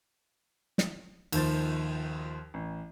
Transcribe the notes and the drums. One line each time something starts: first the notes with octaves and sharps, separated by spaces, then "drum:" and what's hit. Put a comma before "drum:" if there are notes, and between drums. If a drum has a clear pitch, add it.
drum: snare
D#2 D#3 F3 C5 A6, drum: cymbal
A1